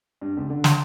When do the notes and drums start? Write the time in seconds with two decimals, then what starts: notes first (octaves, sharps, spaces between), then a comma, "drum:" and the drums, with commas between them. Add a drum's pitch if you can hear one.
0.21 G2
0.37 C#2
0.50 D3
0.64 C6, drum: snare